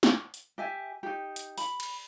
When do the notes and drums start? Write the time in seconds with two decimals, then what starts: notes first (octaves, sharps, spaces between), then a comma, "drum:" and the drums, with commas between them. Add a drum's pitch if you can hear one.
0.03 drum: snare
0.34 drum: hi-hat
0.58 G4 E5 G#5
1.03 D#4 G4
1.36 drum: hi-hat
1.58 B5, drum: open hi-hat
1.80 drum: cymbal